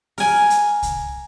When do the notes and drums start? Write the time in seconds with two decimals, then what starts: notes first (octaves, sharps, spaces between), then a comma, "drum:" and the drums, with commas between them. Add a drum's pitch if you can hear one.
0.18 A#4 G#5, drum: open hi-hat
0.50 drum: hi-hat
0.83 drum: kick C2, hi-hat